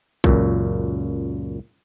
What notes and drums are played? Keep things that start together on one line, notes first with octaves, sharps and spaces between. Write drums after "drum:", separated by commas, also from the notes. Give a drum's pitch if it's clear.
C#2 F#2 A#2, drum: kick